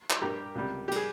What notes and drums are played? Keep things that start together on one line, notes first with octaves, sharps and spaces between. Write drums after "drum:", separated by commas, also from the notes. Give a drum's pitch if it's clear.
drum: clap
G2 G3 G4 A#4
C#2 C3 G3
G4
G3 G#4, drum: cymbal